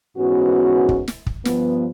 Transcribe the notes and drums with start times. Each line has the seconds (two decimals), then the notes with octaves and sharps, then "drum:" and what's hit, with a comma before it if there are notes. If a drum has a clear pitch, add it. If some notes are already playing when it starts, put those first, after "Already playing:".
0.18 G#2 E3 B3 C#4 F#4
0.89 drum: kick
1.08 drum: snare
1.26 drum: kick
1.45 G2 F3 B3, drum: snare